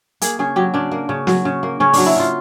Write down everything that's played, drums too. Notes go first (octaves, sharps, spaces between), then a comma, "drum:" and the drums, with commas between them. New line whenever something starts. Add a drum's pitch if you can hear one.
A#3 G#4, drum: hi-hat
C#3 G#4
F#3 G4
C#3 D4
A#3
C#3
F#3, drum: snare
C#3
A#3
C#3 C#4
F#3 D4, drum: open hi-hat
E4
C#3 F4